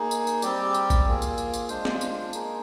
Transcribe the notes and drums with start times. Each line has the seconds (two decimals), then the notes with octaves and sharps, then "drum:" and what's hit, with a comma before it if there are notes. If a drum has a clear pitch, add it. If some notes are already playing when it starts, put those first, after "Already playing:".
Already playing: A#3 D#4 G#4
0.11 drum: tambourine
0.27 drum: tambourine
0.42 G3 C4 G4 D5, drum: tambourine
0.74 drum: tambourine
0.90 drum: kick, tambourine
1.06 A#3 F4 G#4
1.22 drum: tambourine
1.38 drum: tambourine
1.54 drum: tambourine
1.69 G#3 D4 F4 C5, drum: tambourine
1.85 drum: snare
2.01 drum: tambourine
2.33 A#3 D#4 G#4, drum: tambourine